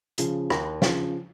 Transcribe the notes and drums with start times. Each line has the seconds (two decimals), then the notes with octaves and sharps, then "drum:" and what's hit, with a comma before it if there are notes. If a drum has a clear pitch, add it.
0.18 C#3 F3, drum: hi-hat
0.50 D#2, drum: rim click
0.82 C#3 F3, drum: snare